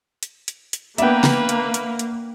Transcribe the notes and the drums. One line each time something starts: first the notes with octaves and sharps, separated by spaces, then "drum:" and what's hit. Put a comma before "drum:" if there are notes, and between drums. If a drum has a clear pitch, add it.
drum: hi-hat
drum: hi-hat
drum: hi-hat
A#3 B3 D4 B4 E5 G5, drum: hi-hat
drum: snare
drum: hi-hat
drum: hi-hat
drum: hi-hat